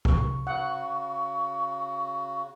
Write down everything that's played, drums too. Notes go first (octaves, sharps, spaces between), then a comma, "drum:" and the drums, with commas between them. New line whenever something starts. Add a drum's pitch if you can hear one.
C#6, drum: kick
C#3 F#4 F#5